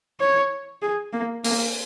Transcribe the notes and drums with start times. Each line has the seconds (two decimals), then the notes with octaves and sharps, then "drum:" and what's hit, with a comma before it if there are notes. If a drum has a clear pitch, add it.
0.20 C#5
0.82 G#4
1.13 A#3
1.44 A#3, drum: open hi-hat